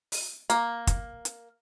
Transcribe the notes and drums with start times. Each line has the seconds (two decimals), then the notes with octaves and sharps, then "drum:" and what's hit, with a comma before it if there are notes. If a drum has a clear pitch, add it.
0.12 drum: open hi-hat
0.50 A#3, drum: hi-hat
0.87 drum: kick, hi-hat
1.25 drum: hi-hat